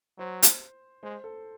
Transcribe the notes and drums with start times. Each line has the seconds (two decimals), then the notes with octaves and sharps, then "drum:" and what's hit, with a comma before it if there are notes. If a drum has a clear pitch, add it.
0.18 F#3 C5
0.43 drum: hi-hat
1.03 G#3 C5
1.24 A4